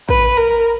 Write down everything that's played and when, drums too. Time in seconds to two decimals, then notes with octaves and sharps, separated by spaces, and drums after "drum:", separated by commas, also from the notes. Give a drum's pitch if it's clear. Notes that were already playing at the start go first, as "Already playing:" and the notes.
0.09 B4, drum: kick A1
0.37 A#4